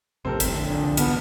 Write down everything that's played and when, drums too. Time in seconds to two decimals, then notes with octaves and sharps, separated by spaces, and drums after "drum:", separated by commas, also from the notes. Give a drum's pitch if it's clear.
0.25 A#1 F2 A2 C3 C4 A4 A#4
0.40 G1 G5, drum: hi-hat
0.55 D3
0.70 F2 A#2
0.83 C2
0.97 E1 G#2 B3 A5 F6, drum: hi-hat